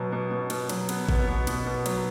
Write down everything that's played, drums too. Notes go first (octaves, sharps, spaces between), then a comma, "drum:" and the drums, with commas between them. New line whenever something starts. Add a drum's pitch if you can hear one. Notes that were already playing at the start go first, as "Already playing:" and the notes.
Already playing: B2 F#3
B2
B2
B2, drum: cymbal
F#3, drum: cymbal
B3, drum: cymbal
B3, drum: kick A1
B2
B2, drum: cymbal
B2
F#3, drum: cymbal